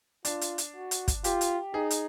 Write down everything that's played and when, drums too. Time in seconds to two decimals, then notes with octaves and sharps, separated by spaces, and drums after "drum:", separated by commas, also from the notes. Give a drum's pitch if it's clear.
0.25 D4 F4, drum: hi-hat
0.41 drum: hi-hat
0.58 drum: hi-hat
0.75 F#4
0.91 drum: hi-hat
1.08 drum: kick, hi-hat
1.24 F4 G4, drum: hi-hat
1.41 drum: hi-hat
1.74 D#4 G#4
1.91 drum: hi-hat